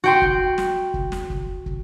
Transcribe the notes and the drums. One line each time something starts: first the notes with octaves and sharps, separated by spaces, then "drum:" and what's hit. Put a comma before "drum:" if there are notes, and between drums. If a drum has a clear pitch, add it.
F#4 G5 C6
drum: kick
drum: snare
drum: kick
drum: snare
drum: kick
drum: kick